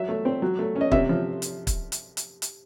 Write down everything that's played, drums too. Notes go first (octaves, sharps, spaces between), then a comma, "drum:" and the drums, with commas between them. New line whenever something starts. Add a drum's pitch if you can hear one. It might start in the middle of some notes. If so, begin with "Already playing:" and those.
Already playing: F#3 E5
A3
C4
F#3
A3
C#4
D#5
C3 E5, drum: kick
F3
drum: hi-hat
drum: kick, hi-hat
drum: hi-hat
drum: hi-hat
drum: hi-hat